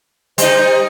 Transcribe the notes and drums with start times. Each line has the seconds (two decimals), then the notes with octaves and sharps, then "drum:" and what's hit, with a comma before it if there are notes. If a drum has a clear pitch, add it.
0.38 G3 D#4 C5, drum: hi-hat